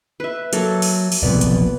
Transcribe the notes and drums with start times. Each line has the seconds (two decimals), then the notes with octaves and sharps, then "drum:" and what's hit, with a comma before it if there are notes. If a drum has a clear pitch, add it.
0.20 B4 E5
0.53 F#3 A#3 A4, drum: hi-hat
0.82 drum: open hi-hat
1.12 drum: open hi-hat
1.23 F1 B1 F2 A#2 B3 D5
1.41 drum: hi-hat